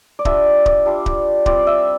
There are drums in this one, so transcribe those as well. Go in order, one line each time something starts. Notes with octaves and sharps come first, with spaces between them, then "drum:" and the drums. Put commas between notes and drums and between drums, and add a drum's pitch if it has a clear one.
D5
G3 D4 F4 E5, drum: kick D1
drum: kick D1
G3 D4 F4
drum: kick D1
G3 C4 F4 D5, drum: kick D1
E5